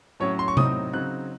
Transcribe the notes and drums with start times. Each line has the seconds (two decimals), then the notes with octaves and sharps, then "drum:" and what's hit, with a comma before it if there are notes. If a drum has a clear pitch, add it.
0.20 A2 F#3 C#4 C#5
0.39 C6
0.48 C#6
0.57 A2 F#3 C4 D#4 D#6, drum: tom C3
0.93 C#3 F#3 C4 D#4 F#6